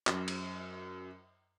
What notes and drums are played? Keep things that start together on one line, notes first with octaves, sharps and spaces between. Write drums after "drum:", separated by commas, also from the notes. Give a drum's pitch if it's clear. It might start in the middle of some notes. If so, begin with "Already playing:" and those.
F#2, drum: clap
drum: cymbal